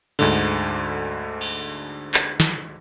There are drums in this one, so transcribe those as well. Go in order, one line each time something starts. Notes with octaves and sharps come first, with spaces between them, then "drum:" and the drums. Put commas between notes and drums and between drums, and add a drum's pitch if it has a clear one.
D2 G#2 D3, drum: cymbal
drum: cymbal
drum: clap
drum: snare